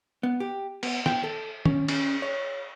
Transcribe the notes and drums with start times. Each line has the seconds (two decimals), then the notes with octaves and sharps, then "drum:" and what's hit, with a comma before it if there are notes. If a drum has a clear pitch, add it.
0.23 B3
0.40 G4
0.83 B3, drum: cymbal
1.06 G5, drum: snare
1.24 A4
1.65 C#4, drum: tom
1.88 C#4, drum: cymbal
2.22 C#5